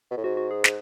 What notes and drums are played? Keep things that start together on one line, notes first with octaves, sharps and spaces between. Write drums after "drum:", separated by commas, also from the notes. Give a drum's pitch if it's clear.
B2
A2
G#2 F#4
F#4
G#4
drum: snare